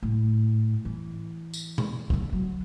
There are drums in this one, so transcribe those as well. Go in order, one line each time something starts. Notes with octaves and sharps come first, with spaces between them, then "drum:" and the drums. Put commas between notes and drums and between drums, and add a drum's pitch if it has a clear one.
A2
E3
drum: tambourine
drum: tom B2
D3 A3, drum: kick C2
F#3